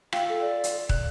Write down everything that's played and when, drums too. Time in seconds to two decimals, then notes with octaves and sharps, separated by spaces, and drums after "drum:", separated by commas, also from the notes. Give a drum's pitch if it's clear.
0.13 F4 E5 G5, drum: rim click
0.29 A4
0.41 D5
0.64 drum: hi-hat
0.89 F#6, drum: kick